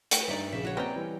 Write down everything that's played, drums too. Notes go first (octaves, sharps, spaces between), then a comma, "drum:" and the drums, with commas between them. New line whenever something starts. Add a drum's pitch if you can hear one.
A3 F#5 G5, drum: hi-hat
G2 D#4 D5 E5
A#1 C#3 E5
F#4 C#5
A#3 C4 C#4 B4 D5 D#5 G5 A#5
E3 G3